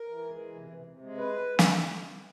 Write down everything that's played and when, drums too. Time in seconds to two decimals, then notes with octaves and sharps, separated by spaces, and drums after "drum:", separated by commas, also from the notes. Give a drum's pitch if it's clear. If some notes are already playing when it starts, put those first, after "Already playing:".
Already playing: A#4
0.08 E3
0.24 G#3
0.39 E3
0.55 C3
0.71 C3
0.86 C3
1.02 G#3
1.17 B4
1.59 drum: snare